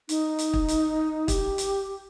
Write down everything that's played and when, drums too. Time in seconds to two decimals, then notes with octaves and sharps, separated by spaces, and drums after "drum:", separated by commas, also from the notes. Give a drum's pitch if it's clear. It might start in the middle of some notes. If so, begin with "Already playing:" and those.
0.09 D#4, drum: hi-hat
0.39 drum: hi-hat
0.53 drum: kick
0.68 drum: hi-hat
1.28 G4, drum: kick, hi-hat
1.58 drum: hi-hat